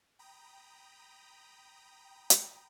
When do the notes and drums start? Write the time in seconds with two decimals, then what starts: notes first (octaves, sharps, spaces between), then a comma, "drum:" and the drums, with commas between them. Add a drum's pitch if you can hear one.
0.19 G5 A#5 B5 D#6
2.30 drum: hi-hat